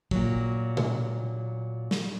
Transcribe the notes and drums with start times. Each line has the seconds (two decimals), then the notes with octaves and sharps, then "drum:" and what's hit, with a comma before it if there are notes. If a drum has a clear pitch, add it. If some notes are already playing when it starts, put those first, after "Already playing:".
0.11 A#2 F#3, drum: kick
0.77 drum: tom B2
1.91 drum: snare